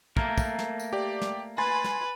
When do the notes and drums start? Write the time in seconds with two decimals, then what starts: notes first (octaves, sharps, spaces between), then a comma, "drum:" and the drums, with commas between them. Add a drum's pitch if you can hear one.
0.17 A3 A#3 A#4, drum: kick
0.38 drum: kick, tambourine
0.59 drum: snare
0.79 drum: tambourine
0.93 G4 D5
1.21 drum: snare
1.58 B4 G#5 C6 A6
1.84 drum: snare